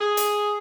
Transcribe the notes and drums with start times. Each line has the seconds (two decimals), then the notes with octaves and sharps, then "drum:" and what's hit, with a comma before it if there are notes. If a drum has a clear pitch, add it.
0.01 G#4
0.17 drum: hi-hat